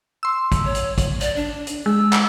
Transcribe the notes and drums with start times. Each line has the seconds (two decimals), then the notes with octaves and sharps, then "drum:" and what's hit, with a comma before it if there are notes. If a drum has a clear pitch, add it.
0.23 C6 E6
0.52 drum: kick, hi-hat
0.65 C#5
0.75 drum: hi-hat
0.98 drum: kick, hi-hat
1.21 D5, drum: hi-hat
1.36 D4
1.67 drum: hi-hat
1.86 G#3 E6
2.13 drum: clap